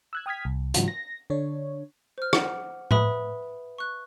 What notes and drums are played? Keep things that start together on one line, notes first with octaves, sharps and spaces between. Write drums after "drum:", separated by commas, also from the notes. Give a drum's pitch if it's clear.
E6 F#6 G#6
G5 D#6 F6 G#6 B6
C2
G#2 C#3 E3 F#3 F4 F#4, drum: hi-hat
A#6
D3 D4 C#5
C5 F6
F#5 D6, drum: rim click
B4 E5 B5 D#6, drum: tom A2
C#6 F#6